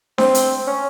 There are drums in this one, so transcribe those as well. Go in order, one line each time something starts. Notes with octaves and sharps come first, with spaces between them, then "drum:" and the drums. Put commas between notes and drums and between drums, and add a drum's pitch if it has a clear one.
C4, drum: snare D4
drum: hi-hat
C#4